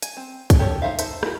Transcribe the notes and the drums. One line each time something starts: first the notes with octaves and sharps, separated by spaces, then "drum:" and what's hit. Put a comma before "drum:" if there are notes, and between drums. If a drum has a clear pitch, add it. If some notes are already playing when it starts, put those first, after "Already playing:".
G#5, drum: hi-hat
C4
drum: kick, hi-hat
G4 A4 A#4 C#5
D#4 F#4 C5 E5 F5
D#4 A4 C5 E5, drum: hi-hat
D#4 E4 F#4 A4 A#4, drum: rim click